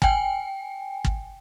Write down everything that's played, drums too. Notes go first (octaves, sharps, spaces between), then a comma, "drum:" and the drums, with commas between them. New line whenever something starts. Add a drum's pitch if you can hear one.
G5 G#5, drum: kick
drum: kick